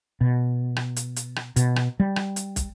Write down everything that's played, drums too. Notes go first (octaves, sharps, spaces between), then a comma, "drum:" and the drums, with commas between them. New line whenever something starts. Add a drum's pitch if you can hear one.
B2
drum: rim click
drum: hi-hat
drum: hi-hat
drum: rim click
B2, drum: hi-hat
drum: rim click
G3
drum: rim click
drum: hi-hat
drum: kick, hi-hat